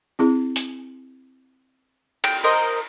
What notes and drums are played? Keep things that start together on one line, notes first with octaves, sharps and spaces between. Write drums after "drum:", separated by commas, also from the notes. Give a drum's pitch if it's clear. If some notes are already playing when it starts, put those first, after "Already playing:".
C4 E4 G#4
drum: hi-hat
G5, drum: cymbal
A#4 C5 D#5